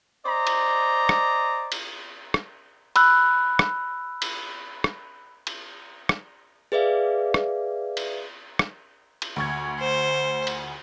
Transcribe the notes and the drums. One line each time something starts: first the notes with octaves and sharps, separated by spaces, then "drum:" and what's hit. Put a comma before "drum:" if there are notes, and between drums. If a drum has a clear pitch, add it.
C5 D5 D#5 A#5
drum: cymbal
drum: rim click
drum: cymbal
drum: rim click
B5 E6 F#6, drum: cymbal
drum: rim click
drum: cymbal
drum: rim click
drum: cymbal
drum: rim click
G#4 B4 D5 E5 F5
drum: rim click
drum: cymbal
drum: rim click
drum: cymbal
D2 C#6 G#6
C5
drum: cymbal